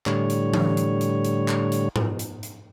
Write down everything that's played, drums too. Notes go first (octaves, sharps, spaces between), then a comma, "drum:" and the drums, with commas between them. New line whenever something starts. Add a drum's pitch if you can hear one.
A2 D3 G3 C#5, drum: clap
drum: hi-hat
drum: tom E3
drum: hi-hat
drum: hi-hat
drum: hi-hat
drum: clap
drum: hi-hat
drum: tom G#2
drum: hi-hat
drum: hi-hat